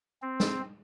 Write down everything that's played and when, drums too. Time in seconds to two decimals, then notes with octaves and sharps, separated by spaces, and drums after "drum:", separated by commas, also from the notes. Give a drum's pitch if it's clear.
0.22 C4
0.40 drum: snare